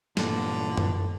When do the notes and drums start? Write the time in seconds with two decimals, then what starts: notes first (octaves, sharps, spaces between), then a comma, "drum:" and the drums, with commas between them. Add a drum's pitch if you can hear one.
0.17 G2 A#2 D3 E3, drum: snare
0.78 drum: tom F#2